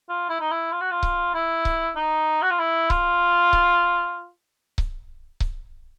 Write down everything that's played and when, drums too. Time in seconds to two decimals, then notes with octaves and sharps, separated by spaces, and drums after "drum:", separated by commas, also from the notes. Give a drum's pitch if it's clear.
0.09 F4
0.29 E4
0.41 D#4
0.51 E4
0.72 F4
0.81 F#4
0.91 F4
1.03 drum: kick C#1
1.34 E4
1.65 drum: kick C#1
1.96 D#4
2.42 F#4
2.51 F4
2.59 E4
2.90 F4, drum: kick C#1
3.53 drum: kick C#1
4.78 drum: kick C#1
5.40 drum: kick C#1